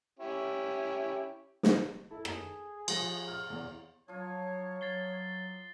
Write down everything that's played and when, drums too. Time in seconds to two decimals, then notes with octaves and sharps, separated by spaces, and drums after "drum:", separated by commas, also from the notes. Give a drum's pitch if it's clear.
0.19 C#4 E4 G4
1.63 drum: snare
2.11 E4 A4
2.25 G#4, drum: rim click
2.88 F3 A#6, drum: cymbal
3.28 F6
3.50 E2
4.08 F3 F#3 F4 C#5
4.81 F#3 A6 C7 G7